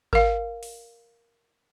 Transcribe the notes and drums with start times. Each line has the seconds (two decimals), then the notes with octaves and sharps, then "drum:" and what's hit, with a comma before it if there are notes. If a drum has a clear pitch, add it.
0.13 A#4 F5, drum: kick G#1
0.63 drum: open hi-hat